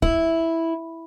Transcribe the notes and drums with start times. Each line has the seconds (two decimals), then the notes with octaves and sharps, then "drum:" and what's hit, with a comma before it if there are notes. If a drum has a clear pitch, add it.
0.02 E4, drum: kick